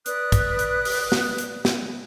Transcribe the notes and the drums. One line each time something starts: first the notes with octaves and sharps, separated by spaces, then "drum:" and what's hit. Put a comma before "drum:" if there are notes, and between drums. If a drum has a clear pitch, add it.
B4 D5 D#6 F#6, drum: hi-hat
drum: kick, hi-hat
drum: hi-hat
drum: open hi-hat
drum: snare
drum: hi-hat
drum: snare